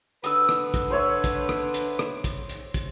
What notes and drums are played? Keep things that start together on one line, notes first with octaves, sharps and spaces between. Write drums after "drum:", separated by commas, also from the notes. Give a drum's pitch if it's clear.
D3 B4 D#6 E6, drum: hi-hat
drum: rim click
drum: kick, hi-hat
C5 C#5 E5
drum: kick, hi-hat
drum: rim click
drum: hi-hat
drum: rim click
drum: kick, hi-hat
drum: hi-hat
drum: kick, hi-hat